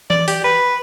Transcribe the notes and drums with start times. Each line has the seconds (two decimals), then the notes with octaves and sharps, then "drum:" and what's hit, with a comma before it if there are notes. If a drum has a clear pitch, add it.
0.10 D5, drum: tom E3
0.28 G4, drum: open hi-hat
0.44 B4